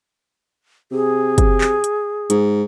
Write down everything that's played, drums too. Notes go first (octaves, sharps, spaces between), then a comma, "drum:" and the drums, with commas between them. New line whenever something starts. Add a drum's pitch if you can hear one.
C3 G#4
drum: kick, hi-hat
drum: clap
drum: hi-hat
G#2, drum: hi-hat